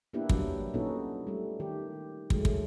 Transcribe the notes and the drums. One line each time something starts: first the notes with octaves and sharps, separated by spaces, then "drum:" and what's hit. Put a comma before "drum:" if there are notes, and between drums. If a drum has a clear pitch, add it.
A#3 B3 D4 E4 G4 B4
F#3 G3, drum: kick
A#2 B3 C#4 D#4 F#4 A4
G3 A3
D#3 G4
F#3 G#3 A3, drum: kick
drum: kick